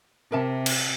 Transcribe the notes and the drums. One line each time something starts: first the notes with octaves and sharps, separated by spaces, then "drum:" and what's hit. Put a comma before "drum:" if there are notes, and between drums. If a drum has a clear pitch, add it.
C3 A#4 E5 A5
drum: cymbal